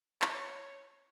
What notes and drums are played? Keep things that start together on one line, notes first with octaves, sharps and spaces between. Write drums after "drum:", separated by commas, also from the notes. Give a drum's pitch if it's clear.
C#5, drum: clap